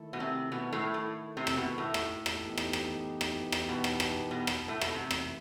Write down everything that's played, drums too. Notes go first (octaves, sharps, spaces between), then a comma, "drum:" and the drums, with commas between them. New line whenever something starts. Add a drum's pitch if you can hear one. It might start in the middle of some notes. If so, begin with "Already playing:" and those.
Already playing: D#3 A3 E4 A4
B2
C3
B2
A2
A2
C3
drum: rim click
B2
A2
drum: rim click
drum: rim click
E3 B3 D#4 G4
drum: rim click
drum: rim click
drum: rim click
drum: rim click
B2
drum: rim click
drum: rim click
B2
drum: rim click
A2
B2, drum: rim click
C3 E3 A3 E4
drum: rim click